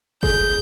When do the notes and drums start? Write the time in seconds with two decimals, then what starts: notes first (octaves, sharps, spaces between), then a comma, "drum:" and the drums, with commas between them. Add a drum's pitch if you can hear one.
0.23 G#4 G6, drum: kick F#1